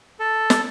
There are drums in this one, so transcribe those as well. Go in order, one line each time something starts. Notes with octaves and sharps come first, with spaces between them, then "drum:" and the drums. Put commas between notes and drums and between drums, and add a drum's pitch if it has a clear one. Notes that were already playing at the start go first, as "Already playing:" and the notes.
A4
drum: snare